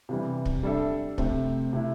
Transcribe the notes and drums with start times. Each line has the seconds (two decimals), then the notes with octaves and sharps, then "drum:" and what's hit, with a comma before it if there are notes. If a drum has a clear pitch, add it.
0.09 C3 E3 G3
0.45 drum: kick
0.63 G3 D4 A4 E5
1.18 C3 A3 C4, drum: kick
1.73 C3 A3 E4